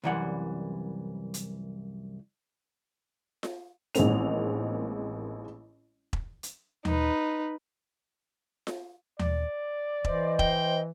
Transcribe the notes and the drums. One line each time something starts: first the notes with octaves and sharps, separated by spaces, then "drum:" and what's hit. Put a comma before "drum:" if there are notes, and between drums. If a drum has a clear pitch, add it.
C2 F#2 E3 G3 F#5
drum: hi-hat
drum: snare F4
A1 D#3 G#3 A#3 C4 F7, drum: hi-hat
drum: kick E1
drum: hi-hat
D#4 B4, drum: tom D#2
drum: snare F4
D5, drum: tom D#2
E3 C5 D#5, drum: kick E1
G5, drum: kick E1